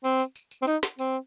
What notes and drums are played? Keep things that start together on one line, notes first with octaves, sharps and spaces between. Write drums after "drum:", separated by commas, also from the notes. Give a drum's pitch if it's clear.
C4, drum: tambourine
drum: tambourine
drum: tambourine
drum: tambourine
C4
D#4, drum: tambourine
drum: snare
C4, drum: tambourine